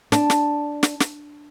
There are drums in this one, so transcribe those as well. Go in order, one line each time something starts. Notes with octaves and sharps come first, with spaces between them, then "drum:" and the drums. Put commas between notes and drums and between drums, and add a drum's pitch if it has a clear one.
D4, drum: snare
drum: snare
drum: snare
drum: snare